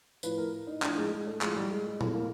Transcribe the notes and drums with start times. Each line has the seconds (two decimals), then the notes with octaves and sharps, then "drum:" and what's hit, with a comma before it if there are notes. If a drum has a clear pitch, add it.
0.23 A2 F3 B4, drum: tambourine
0.38 A#4
0.67 D#4
0.82 A2 F3 D4, drum: clap
0.98 G#3
1.12 G#3
1.27 A3
1.41 A2 F3 G#3, drum: clap
1.57 G3
1.71 G#3
1.86 G#3
2.01 A2 F3 A3, drum: tom
2.14 A#3